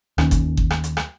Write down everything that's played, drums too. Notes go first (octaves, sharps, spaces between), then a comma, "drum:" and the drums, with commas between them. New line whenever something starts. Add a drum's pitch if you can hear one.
D#2 D#3 C#4, drum: rim click
drum: kick G1, hi-hat
drum: kick G1
drum: rim click
drum: hi-hat
drum: rim click